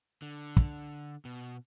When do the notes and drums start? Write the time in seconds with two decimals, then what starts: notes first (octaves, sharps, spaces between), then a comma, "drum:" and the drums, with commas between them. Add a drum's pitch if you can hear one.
0.22 D3
0.57 drum: kick
1.25 B2